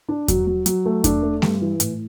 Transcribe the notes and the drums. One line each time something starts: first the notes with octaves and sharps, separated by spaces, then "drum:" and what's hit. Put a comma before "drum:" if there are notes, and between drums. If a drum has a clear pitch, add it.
D4
F#3, drum: kick E2, hi-hat
F#3
F#3, drum: hi-hat
A3
D4, drum: kick E2, hi-hat
A3
G2, drum: snare A3
E3
A2, drum: hi-hat